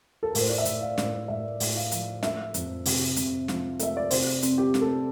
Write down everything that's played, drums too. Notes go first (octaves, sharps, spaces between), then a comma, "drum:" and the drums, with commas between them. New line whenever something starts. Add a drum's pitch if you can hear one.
A4
A#4
A2, drum: open hi-hat
C5
D5
E5
A2, drum: hi-hat
F5
A2, drum: snare
D5
A2 E5
A2, drum: open hi-hat
F5
F3, drum: hi-hat
A3 E5, drum: snare
F2, drum: hi-hat
C3, drum: open hi-hat
C3, drum: hi-hat
F3, drum: snare
A3 E5, drum: hi-hat
D5
C3 C5, drum: open hi-hat
C4, drum: hi-hat
G4
A3, drum: snare
A4